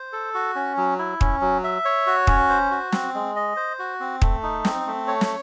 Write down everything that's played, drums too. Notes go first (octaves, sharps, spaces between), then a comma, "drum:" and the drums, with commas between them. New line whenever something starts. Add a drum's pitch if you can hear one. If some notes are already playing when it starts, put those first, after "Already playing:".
Already playing: C5
A4
F#4
C#4
F#3
E4
C#4, drum: kick
F#3
E5
C#5
F#4
C#4, drum: kick
C5
F#4
C4, drum: snare
G#3
D#5
C5
F#4
C4
A3, drum: kick
D#4
C4, drum: snare
A3
C#5
drum: snare